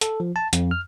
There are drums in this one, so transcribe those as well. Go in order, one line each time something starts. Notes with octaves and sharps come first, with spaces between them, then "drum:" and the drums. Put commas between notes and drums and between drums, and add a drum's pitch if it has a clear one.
A4, drum: hi-hat
F3
A5
F2, drum: hi-hat
F6